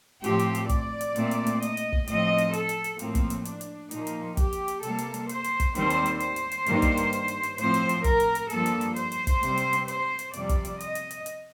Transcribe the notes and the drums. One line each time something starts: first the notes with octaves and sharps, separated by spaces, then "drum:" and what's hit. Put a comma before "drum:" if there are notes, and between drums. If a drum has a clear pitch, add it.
A2 F3 C4 G4, drum: hi-hat
drum: hi-hat
drum: hi-hat
D5, drum: kick, hi-hat
drum: hi-hat
A#2 A3 C4, drum: hi-hat
drum: hi-hat
drum: hi-hat
D#5, drum: hi-hat
drum: hi-hat
drum: kick
A2 F3 C4 D#5, drum: hi-hat
drum: hi-hat
A4, drum: hi-hat
drum: hi-hat
drum: hi-hat
A2 F3 A#3 C4, drum: hi-hat
drum: kick, hi-hat
drum: hi-hat
D4, drum: hi-hat
drum: hi-hat
A#2 F3 A#3 D#4, drum: hi-hat
drum: hi-hat
G4, drum: kick, hi-hat
drum: hi-hat
drum: hi-hat
C3 G3 A#3 A4, drum: hi-hat
drum: hi-hat
drum: hi-hat
C5, drum: hi-hat
drum: hi-hat
drum: kick, hi-hat
D#2 D#3 G3 C4 C5, drum: hi-hat
drum: hi-hat
drum: hi-hat
C5, drum: hi-hat
drum: hi-hat
drum: hi-hat
G2 D#3 A#3, drum: hi-hat
drum: kick, hi-hat
drum: hi-hat
drum: hi-hat
drum: hi-hat
drum: hi-hat
A2 F3 C4 C5, drum: hi-hat
drum: hi-hat
drum: hi-hat
A#4, drum: kick, hi-hat
drum: hi-hat
drum: hi-hat
G2 F3 A#3 A4, drum: hi-hat
drum: hi-hat
drum: hi-hat
C5, drum: hi-hat
drum: hi-hat
drum: kick, hi-hat
C3 G3 C4, drum: hi-hat
drum: hi-hat
drum: hi-hat
C5, drum: hi-hat
drum: hi-hat
F2 C3 G3 C4 D5, drum: hi-hat
drum: kick, hi-hat
drum: hi-hat
D#5, drum: hi-hat
drum: hi-hat
drum: hi-hat
drum: hi-hat